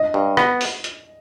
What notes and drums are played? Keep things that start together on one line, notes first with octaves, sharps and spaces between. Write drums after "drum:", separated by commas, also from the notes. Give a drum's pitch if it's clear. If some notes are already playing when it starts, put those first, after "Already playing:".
Already playing: D#5
G2
B3, drum: rim click
drum: open hi-hat
drum: hi-hat